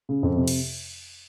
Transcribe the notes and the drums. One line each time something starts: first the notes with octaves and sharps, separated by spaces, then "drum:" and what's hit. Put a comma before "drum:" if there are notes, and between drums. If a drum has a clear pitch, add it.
C#3
F2
C3
drum: cymbal